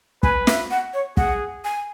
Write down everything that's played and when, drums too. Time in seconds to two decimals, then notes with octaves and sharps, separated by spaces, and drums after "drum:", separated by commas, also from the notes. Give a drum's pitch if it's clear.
0.23 B4 G#5, drum: kick
0.47 E5, drum: snare
0.71 F#5
0.94 C#5
1.17 G#4 F#5, drum: kick
1.65 G#5